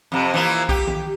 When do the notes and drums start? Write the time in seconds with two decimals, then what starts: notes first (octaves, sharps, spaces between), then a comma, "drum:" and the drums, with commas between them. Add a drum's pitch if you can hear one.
0.12 F2 C3
0.34 E3 F3 A#3
0.69 G4, drum: kick B1
0.87 drum: tom D#3